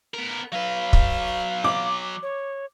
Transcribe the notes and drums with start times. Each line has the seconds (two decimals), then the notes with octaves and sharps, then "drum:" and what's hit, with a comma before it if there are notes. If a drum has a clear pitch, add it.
0.14 B3 A#4
0.52 F#3 B4 F5
0.93 drum: kick
1.64 D6
2.23 C#5